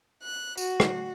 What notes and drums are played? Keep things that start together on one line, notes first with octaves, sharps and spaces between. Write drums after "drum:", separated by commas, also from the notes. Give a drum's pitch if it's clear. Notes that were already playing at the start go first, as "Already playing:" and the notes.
F#6
F#4, drum: tambourine
drum: rim click